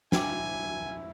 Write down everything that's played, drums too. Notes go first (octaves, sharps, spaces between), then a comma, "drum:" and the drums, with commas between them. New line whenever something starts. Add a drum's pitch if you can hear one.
D4 E4 G5 G#5 D6, drum: snare